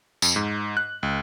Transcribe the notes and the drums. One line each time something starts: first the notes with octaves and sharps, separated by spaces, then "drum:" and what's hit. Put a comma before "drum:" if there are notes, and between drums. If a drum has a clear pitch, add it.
F2, drum: tambourine
G#2
F#6
C#2